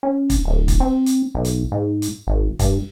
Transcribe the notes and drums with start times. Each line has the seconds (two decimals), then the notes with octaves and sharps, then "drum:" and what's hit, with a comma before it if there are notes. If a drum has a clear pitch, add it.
0.03 C#4
0.30 drum: kick, hi-hat
0.45 D1
0.68 drum: kick, hi-hat
0.80 C4
1.06 drum: hi-hat
1.35 B1
1.45 drum: hi-hat
1.72 G#2
2.02 drum: hi-hat
2.27 G#1
2.59 G2, drum: kick, hi-hat